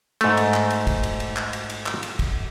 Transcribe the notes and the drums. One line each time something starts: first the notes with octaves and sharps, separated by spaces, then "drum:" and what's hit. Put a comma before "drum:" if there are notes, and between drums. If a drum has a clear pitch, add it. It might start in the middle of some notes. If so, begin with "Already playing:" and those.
G#2 A3, drum: cymbal
drum: cymbal
drum: clap
drum: cymbal
drum: kick, cymbal
drum: cymbal
drum: cymbal
drum: clap
drum: cymbal
drum: cymbal
drum: clap
drum: cymbal
drum: kick, cymbal